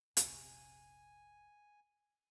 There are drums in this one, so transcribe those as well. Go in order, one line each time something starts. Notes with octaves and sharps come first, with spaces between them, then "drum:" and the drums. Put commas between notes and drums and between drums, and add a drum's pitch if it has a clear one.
F1 A#1 C3 G#5, drum: hi-hat